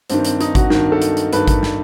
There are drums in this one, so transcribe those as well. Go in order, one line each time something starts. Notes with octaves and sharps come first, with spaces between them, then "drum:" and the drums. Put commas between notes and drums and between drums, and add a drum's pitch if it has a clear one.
G2 D#3 C4, drum: hi-hat
C4, drum: hi-hat
D#4, drum: hi-hat
F#4, drum: kick G#1, hi-hat
G2 D#3 F#4, drum: snare
A4
drum: hi-hat
drum: hi-hat
G2 D#3 B4, drum: hi-hat
drum: kick G#1, hi-hat
drum: snare